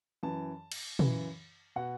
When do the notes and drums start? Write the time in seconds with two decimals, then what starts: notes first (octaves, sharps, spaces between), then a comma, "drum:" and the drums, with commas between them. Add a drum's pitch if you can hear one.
0.23 F#2 E3 A5
0.72 drum: cymbal
0.99 F#2 C#3 E3, drum: tom
1.76 B2 F#5